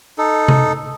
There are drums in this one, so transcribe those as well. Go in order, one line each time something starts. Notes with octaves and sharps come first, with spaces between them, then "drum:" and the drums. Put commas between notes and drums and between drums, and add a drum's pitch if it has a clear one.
D#4 A4
drum: tom C3